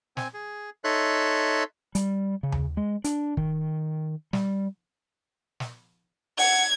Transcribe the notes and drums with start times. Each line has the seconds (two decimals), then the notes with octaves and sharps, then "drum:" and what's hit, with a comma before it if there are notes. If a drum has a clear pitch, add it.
0.17 C4 G#5, drum: snare
0.34 G#4
0.84 D#4 A4 C#5 E5 C6 F#6
1.95 G3, drum: hi-hat
2.43 C#3
2.52 drum: tom D#2
2.77 G#3
3.04 D4, drum: hi-hat
3.37 D#3, drum: kick
4.33 G3, drum: snare
5.60 drum: snare
6.38 F#5 G#6, drum: open hi-hat